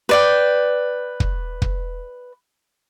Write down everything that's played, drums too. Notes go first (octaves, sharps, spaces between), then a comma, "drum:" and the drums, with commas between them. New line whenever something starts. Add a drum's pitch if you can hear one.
B4 D5 G5
drum: kick
drum: kick